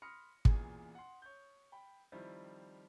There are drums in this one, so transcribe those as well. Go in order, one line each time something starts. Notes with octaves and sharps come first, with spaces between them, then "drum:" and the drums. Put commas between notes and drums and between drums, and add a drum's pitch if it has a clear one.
B5 C6 D#6 F6 A#6 C#7
A1 E2 A#2 G#4 G#5, drum: kick
F#5 C6
C#5 G6
G5 B5
D#3 F3 G3 C4 E4